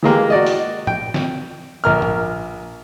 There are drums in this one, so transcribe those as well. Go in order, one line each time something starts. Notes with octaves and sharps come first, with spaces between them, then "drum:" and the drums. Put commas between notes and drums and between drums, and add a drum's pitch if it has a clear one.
E3 G#3 A#3 G4
F#4 D5 D#5
drum: open hi-hat
G5, drum: tom
drum: snare
A#1 A#4 F6
drum: tom